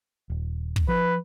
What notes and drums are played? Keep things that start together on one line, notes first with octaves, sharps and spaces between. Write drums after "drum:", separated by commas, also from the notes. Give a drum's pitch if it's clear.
D#1
drum: kick
F3 B4